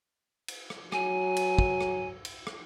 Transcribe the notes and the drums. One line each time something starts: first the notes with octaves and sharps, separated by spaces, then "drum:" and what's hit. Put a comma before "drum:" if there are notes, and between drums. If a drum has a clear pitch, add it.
drum: cymbal
drum: rim click
F#3 G#5, drum: rim click
drum: cymbal
drum: kick
drum: rim click
drum: cymbal
drum: rim click